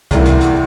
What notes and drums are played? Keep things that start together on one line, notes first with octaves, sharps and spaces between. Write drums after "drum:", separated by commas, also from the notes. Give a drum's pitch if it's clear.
E2 C3 G3 A#3 E4, drum: kick C2, hi-hat
drum: hi-hat
drum: hi-hat